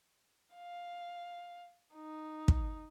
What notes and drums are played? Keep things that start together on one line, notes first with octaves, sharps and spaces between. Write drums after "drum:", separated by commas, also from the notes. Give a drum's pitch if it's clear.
F5
D#4
drum: kick